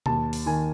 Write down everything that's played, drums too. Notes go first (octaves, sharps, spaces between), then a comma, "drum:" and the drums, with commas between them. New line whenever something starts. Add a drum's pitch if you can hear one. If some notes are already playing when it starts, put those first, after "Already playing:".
D#2 A5, drum: tom B2
drum: open hi-hat
D#3 G#5